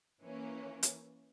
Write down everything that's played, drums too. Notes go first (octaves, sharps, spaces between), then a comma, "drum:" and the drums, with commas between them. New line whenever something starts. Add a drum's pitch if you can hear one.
E3 A#3 C#4
drum: hi-hat